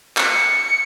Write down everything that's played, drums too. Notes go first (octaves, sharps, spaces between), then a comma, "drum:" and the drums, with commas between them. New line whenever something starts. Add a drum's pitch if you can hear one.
C#7, drum: clap